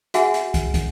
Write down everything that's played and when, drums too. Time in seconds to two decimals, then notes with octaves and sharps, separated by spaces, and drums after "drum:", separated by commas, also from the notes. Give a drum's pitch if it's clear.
0.14 F#4 G#4 E5 F#5 G#5, drum: hi-hat
0.34 drum: hi-hat
0.54 drum: kick, hi-hat
0.74 drum: kick, hi-hat